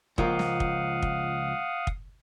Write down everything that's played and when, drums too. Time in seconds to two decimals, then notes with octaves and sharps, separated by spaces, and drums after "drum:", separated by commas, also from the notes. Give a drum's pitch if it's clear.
0.18 C#2 F3 A#3 F5 F#5 D#6, drum: kick
0.39 drum: snare
0.60 drum: kick
1.02 drum: kick
1.87 drum: kick